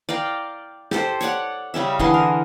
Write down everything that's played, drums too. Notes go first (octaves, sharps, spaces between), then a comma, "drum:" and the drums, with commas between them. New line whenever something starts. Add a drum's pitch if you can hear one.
D5 F5 G5 A#5
G4 A4 C5, drum: snare
C#5 D5 F#5, drum: hi-hat
C#3 G3 C#4 E5
D3 E3 G#4 C6, drum: kick F#1
A#4